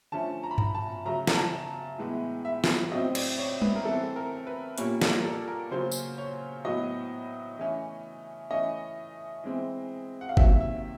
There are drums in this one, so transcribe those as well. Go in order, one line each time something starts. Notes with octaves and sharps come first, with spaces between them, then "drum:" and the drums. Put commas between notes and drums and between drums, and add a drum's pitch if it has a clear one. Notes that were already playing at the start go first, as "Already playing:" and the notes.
D3 F3 A3 C#4 A5
A#5
B5
A#5, drum: tom G2
A5
C#3 F#3 A3 A#5
A#5, drum: snare
A5
A2 E3 G#3 B3
E5
drum: snare
A2 F#3 A3 C4 D#5
D5, drum: cymbal
C#5
B4, drum: tom G3
A#4
E3 A3 C4 A4
A#4
B4
A#2 G3 A#3 C#4 C#5, drum: hi-hat
D5, drum: snare
A#4
A4
A#4
C#3 F#3 A#3 C#4 C5
drum: tambourine
C#5
A2 F#3 B3 D#5
E3 A3 C#4
E3 A3 C#4 D#5
E3 G#3 C4
F#5
F5
C3 D#3 F#3 A#3 E5, drum: kick F#1
E5